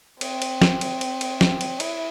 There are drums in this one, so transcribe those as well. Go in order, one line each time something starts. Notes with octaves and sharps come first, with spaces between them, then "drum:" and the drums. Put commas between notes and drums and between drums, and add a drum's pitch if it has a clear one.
C4, drum: cymbal
drum: cymbal
drum: snare
drum: cymbal
drum: cymbal
drum: cymbal
drum: snare
drum: cymbal
E4, drum: cymbal